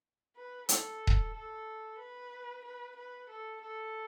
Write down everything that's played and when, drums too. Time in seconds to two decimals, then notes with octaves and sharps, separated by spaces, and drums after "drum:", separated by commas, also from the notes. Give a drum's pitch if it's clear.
0.37 B4
0.69 A4, drum: hi-hat
1.07 drum: kick D#1
1.35 A4
1.99 B4
2.65 B4
2.97 B4
3.30 A4
3.62 A4